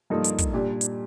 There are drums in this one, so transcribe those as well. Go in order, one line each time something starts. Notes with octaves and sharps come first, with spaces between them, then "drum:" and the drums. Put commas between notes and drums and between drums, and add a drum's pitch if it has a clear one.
G2 F3 A#3 D#4 A4
drum: hi-hat
drum: kick, hi-hat
A#2 G3 D4 G4
drum: hi-hat